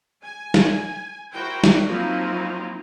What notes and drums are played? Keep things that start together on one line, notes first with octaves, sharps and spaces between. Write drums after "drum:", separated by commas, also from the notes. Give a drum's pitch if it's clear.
G#5
drum: snare
E4 F#4 A#4 C5 G5
drum: snare
F3 F#3 A#3 C4 D#4 E4